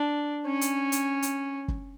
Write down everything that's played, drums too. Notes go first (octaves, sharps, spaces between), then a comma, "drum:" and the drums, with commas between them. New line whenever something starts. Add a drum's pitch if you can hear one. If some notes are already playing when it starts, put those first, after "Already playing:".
Already playing: D4
C#4
drum: hi-hat
drum: hi-hat
drum: hi-hat
drum: kick